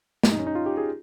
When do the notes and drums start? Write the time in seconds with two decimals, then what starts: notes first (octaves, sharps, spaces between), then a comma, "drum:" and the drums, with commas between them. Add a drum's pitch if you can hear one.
0.23 G4, drum: snare
0.32 D#4
0.39 C#4
0.47 D#4
0.55 F4
0.66 G4
0.77 G#4